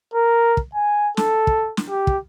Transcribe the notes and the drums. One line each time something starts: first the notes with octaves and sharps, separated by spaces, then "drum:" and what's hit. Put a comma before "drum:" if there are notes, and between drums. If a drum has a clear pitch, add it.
A#4
drum: kick
G#5
A4, drum: snare
drum: kick
drum: snare
G4
drum: kick